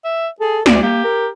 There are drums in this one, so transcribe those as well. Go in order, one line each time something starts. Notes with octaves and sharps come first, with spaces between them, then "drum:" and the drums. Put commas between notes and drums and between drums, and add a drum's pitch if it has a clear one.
E5
G#4 A4
D2 D5, drum: snare
A#3 G4
A#4